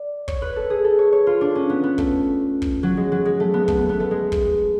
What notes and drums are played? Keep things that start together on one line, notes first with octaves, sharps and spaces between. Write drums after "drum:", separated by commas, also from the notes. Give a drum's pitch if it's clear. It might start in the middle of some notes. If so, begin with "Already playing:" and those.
Already playing: D5
C#5, drum: kick
B4
A4
G#4
A4
C#5
C#5
F4
D4
C#4
B3
B3
A3, drum: kick
drum: kick
F#3
G#3
F#3
G#3
A3
B3
A3, drum: kick
B3
B3
A3
G#3
drum: kick